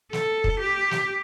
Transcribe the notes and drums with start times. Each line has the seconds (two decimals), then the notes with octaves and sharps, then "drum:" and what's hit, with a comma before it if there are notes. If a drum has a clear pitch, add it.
0.13 A4, drum: snare
0.44 drum: kick
0.60 G4
0.91 drum: snare